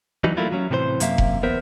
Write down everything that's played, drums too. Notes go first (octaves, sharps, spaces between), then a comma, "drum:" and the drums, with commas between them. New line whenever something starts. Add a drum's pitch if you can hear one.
E3 F#3 G3 D#4
F#3 A3 A#3 E4 F4
F#3 C#4
A2 C3 E3 A4 C5
F#2 C3 A#3 E5 F5, drum: hi-hat
drum: kick F1
E2 B3 A#4 C5 E5